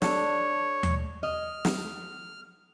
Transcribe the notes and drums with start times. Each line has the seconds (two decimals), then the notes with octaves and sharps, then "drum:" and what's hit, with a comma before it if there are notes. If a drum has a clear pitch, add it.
0.02 D4 A4 C#5, drum: snare
0.83 drum: tom D#2
1.23 D#5 F6
1.65 drum: snare